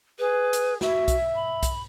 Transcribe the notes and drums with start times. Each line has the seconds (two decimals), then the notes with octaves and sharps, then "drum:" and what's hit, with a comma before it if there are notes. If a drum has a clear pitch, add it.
0.19 G#4 B4
0.53 drum: hi-hat
0.81 F#4 E5, drum: snare
1.08 drum: kick B1, hi-hat
1.35 B5
1.63 drum: kick B1, hi-hat